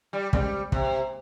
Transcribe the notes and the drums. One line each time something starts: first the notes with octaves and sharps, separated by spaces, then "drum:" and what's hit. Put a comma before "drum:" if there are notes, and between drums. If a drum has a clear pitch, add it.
G3
D#2 C#3 G3 G#3 C4, drum: kick
C3, drum: kick